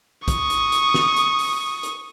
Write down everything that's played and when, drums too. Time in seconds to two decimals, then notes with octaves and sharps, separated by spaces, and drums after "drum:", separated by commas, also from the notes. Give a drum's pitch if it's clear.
0.28 C#6 D#6, drum: kick A#1, hi-hat
0.50 drum: hi-hat
0.72 drum: hi-hat
0.94 drum: snare
1.17 drum: hi-hat
1.39 drum: open hi-hat
1.83 drum: hi-hat